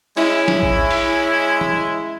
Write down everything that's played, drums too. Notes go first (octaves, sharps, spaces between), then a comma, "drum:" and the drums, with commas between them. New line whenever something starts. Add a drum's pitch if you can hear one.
G#3 C#4 E4, drum: open hi-hat
drum: snare
drum: kick A1
drum: open hi-hat
drum: tom